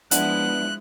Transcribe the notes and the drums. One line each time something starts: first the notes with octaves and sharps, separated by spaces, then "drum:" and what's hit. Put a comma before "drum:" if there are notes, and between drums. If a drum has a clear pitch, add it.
F3 G#3 B3 D4 E4 F#5 F#6, drum: hi-hat